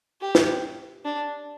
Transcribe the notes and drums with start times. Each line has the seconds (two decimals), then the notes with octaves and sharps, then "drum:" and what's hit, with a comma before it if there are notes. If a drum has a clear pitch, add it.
0.21 G4
0.35 drum: snare
1.05 D4